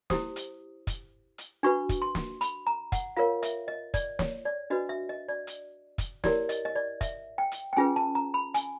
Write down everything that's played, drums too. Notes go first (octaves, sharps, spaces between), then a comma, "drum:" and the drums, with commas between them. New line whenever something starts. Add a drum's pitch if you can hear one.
E4 G4 C5 D#6, drum: snare
drum: hi-hat
drum: kick, hi-hat
drum: hi-hat
D4 F#4 B4 C#6
drum: kick, hi-hat
C6
drum: snare
B5, drum: hi-hat
A#5
F#5, drum: kick, hi-hat
F4 A#4 C#5 F5
E5, drum: hi-hat
D#5
D5, drum: kick, hi-hat
C#5, drum: snare
D5
D4 F#4 B4 D#5
E5
D#5
D5
drum: hi-hat
drum: kick, hi-hat
E4 G4 A#4 C#5 D5, drum: snare
D#5, drum: hi-hat
D#5
D5
E5, drum: kick, hi-hat
G5
drum: hi-hat
G5
C#4 F4 G#4 B4 G#5
A5
A#5
B5
G#5, drum: hi-hat